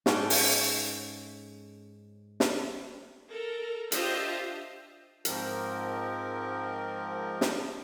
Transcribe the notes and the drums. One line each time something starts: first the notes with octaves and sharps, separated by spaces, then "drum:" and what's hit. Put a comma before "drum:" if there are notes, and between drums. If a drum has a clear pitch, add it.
G#2 C#4 A4 G5, drum: snare
drum: open hi-hat
drum: snare
A4 A#4
D4 F4 G4 C5 D#5 E5, drum: hi-hat
G#2 F3 C4 A#4, drum: hi-hat
drum: snare